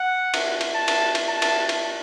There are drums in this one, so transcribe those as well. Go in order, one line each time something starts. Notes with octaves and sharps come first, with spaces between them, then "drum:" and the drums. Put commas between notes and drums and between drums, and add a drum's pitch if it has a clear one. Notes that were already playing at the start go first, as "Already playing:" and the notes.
Already playing: F#5
drum: cymbal
drum: cymbal
A5
drum: cymbal
drum: cymbal
A5
drum: cymbal
drum: cymbal